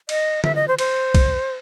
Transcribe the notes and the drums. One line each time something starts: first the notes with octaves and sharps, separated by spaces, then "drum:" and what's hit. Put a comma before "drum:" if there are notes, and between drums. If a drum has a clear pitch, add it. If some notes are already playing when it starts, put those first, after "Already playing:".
D#5, drum: cymbal
E5, drum: tom D3
D#5
C5
C5, drum: cymbal
drum: kick, cymbal